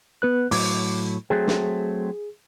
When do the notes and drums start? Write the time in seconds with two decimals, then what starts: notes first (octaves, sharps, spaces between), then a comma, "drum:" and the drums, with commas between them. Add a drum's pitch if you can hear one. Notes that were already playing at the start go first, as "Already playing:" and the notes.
0.22 B3 B4 F#6
0.51 A2 F#3 D6, drum: open hi-hat
1.30 F#3 A3 C4 G#4
1.47 drum: snare